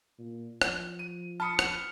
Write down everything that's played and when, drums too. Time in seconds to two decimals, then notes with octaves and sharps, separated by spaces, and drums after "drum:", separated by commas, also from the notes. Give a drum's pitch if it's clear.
0.18 A#2
0.62 F3, drum: rim click
0.99 D#7
1.40 A5 B5 D#6 F6 C#7
1.59 drum: rim click